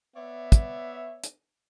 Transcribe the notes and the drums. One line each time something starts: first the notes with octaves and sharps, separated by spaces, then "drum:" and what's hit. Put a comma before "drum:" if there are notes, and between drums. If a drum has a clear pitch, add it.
B3 C#5 D5 E5
drum: kick, hi-hat
drum: hi-hat